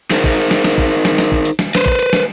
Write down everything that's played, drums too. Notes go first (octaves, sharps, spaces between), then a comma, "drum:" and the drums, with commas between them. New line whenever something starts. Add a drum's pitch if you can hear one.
D#4 G#4 A#4 C5, drum: snare
drum: kick
drum: snare
drum: snare
drum: kick
drum: snare
drum: snare
drum: kick
drum: hi-hat
drum: snare
B4 C5, drum: snare
drum: kick
drum: hi-hat
drum: snare